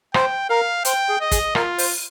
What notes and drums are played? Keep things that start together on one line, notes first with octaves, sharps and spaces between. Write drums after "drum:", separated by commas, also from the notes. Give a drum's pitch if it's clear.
C5 G5, drum: rim click
A#4 F5
C5 G5, drum: hi-hat
G#4
D#5
G#4, drum: kick, hi-hat
F4 A#4, drum: rim click
C5, drum: open hi-hat